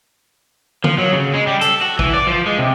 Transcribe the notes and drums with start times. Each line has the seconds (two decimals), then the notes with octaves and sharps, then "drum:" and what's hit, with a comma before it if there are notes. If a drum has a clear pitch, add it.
0.84 F3, drum: tom D3
0.98 F#3
1.13 C#3
1.34 G#3
1.47 G3
1.61 A4, drum: hi-hat
1.81 F#4
1.99 E3, drum: kick
2.14 D5
2.27 F3
2.46 G#3
2.59 C3